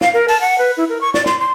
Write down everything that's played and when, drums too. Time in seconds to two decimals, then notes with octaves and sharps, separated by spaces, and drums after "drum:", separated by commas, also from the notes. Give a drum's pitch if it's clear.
0.01 F5, drum: snare
0.13 A#4
0.28 A5, drum: open hi-hat
0.41 F#5
0.58 B4
0.77 E4
0.89 A#4
1.01 C#6
1.14 D5, drum: snare
1.26 C6, drum: snare
1.40 C6